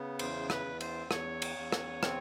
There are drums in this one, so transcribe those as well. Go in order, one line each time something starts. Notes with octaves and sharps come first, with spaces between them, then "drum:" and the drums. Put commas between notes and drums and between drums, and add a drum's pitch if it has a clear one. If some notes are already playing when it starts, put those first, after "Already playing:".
Already playing: C#3 B3
E2 C5, drum: cymbal
B4, drum: rim click
E2
C5, drum: cymbal
E2 C#5, drum: rim click
drum: cymbal
E2
drum: rim click
C4, drum: rim click